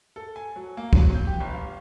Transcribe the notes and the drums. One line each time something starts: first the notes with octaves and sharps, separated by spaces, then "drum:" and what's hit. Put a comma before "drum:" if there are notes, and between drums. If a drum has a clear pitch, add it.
A4
G#5
F#3
A#3
F#3, drum: kick
G6
G4
G1
F5